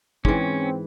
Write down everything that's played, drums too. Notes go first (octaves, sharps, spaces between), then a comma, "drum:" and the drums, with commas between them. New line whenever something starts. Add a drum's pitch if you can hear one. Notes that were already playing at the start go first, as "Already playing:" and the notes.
G#2 E3 C4 C#4, drum: kick